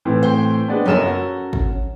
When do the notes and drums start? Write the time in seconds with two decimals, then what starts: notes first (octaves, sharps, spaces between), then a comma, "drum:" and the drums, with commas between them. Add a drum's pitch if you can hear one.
0.05 A2 E3 C4
0.23 C5 G5
0.68 G#3 B3 D4
0.85 F#1 F#2 C#4 A4 A#4 E7
1.06 F#4
1.53 drum: kick G#1